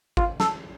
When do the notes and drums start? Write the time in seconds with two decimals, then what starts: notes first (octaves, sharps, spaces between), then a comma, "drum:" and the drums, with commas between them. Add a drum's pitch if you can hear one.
0.17 F4, drum: kick
0.40 A4, drum: snare